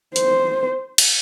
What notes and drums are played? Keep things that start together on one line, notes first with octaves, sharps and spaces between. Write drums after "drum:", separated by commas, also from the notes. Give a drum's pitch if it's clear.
C5, drum: hi-hat
drum: cymbal